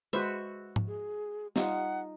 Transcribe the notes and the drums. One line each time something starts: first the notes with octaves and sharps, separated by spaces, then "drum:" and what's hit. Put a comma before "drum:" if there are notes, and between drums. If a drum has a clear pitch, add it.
G#3 F#4 B4 C5 E5, drum: hi-hat
drum: tom G#2
G#4
G3 D#4 F4 F#5, drum: snare